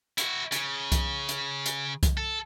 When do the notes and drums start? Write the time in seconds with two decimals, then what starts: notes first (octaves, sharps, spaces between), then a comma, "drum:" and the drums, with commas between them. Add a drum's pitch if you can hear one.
0.18 E4 F#4, drum: hi-hat
0.52 C#3, drum: hi-hat
0.92 drum: kick C2, hi-hat
1.29 drum: hi-hat
1.66 drum: hi-hat
2.03 drum: kick C2, hi-hat
2.17 A4